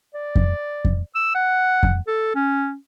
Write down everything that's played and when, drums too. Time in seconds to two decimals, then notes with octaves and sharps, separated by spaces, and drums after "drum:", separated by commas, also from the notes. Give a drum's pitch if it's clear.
0.14 D5
0.36 drum: kick F2
0.85 drum: kick F2
1.15 E6
1.35 F#5
1.83 drum: kick F2
2.07 A4
2.35 C#4